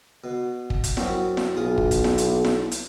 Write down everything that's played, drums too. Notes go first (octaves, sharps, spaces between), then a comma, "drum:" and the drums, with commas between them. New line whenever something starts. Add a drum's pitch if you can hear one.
B2
drum: kick
drum: kick, hi-hat
F#2 C4 F#4, drum: snare E4
drum: snare E4
B1 F4 G#4
drum: kick
drum: kick, hi-hat
drum: snare E4
drum: hi-hat
drum: snare E4
drum: hi-hat